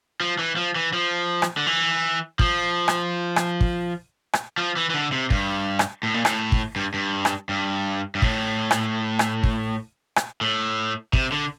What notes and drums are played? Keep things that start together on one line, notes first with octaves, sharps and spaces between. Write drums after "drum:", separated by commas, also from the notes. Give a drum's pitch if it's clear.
F3
E3
F3
E3
F3
drum: rim click
D3
E3
F3, drum: kick
drum: rim click
drum: rim click
drum: kick
drum: rim click
F3
E3
E3
D3
C3
G2, drum: kick
drum: rim click
A2
A#2
A2, drum: rim click
drum: kick
G2
G2
drum: rim click
G2
G2
A2, drum: kick
drum: rim click
drum: rim click
drum: kick
drum: rim click
A2
C3, drum: kick
D3